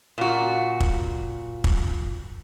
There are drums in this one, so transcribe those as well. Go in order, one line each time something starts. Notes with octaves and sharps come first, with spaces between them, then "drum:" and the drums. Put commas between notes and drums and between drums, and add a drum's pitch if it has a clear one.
A#2 F#4
drum: kick
drum: kick